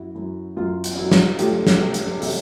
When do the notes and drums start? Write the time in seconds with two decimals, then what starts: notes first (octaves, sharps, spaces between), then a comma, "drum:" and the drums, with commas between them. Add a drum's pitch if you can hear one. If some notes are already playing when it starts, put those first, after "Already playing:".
Already playing: F#2 E4 F#4
0.15 F#2 E4
0.57 F#2 F4
0.84 drum: hi-hat
0.98 F#3 E4 F#4
1.11 drum: snare
1.39 A3 F4 G4, drum: hi-hat
1.67 drum: snare
1.80 C3
1.94 drum: hi-hat
2.22 C3, drum: open hi-hat